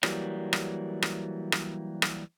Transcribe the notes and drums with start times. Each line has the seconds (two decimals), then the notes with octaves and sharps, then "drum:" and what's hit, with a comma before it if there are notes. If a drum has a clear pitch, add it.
0.03 E3 F#3 G3 A#3, drum: rim click
0.53 drum: rim click
1.02 drum: rim click
1.52 drum: rim click
2.02 drum: rim click